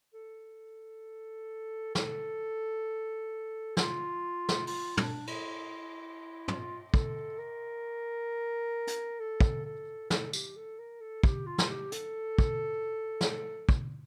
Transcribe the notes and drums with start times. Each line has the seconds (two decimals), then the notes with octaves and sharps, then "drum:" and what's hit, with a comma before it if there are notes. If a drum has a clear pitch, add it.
0.14 A4
1.95 A4, drum: snare
3.77 F4, drum: snare
4.49 drum: snare
4.67 F4, drum: open hi-hat
4.97 D4, drum: tom
5.27 E4, drum: cymbal
6.48 F4, drum: tom
6.94 A4, drum: kick
7.39 A#4
8.88 drum: hi-hat
9.20 A4
9.41 drum: kick
9.65 A4
10.10 A4, drum: snare
10.33 G4, drum: tambourine
10.56 A4
10.79 A#4
11.01 A4
11.24 G4, drum: kick
11.46 F4
11.58 drum: snare
11.69 G4
11.92 A4, drum: hi-hat
12.39 drum: kick
13.21 drum: snare
13.69 drum: kick